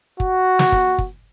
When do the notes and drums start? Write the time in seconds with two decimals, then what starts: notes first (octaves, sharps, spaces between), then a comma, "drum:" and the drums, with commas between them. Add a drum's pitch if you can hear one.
0.20 F#4, drum: kick
0.59 drum: snare
0.72 drum: kick
0.99 drum: kick